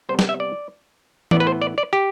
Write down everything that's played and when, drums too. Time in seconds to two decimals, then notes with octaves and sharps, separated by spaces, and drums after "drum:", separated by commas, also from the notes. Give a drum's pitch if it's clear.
0.09 C3 G3 B3 C5
0.19 G5, drum: snare
0.29 E5
0.40 D5
1.31 A2 E3 B3 D5, drum: tom
1.40 B4
1.47 C5
1.62 D5
1.78 D5
1.93 G4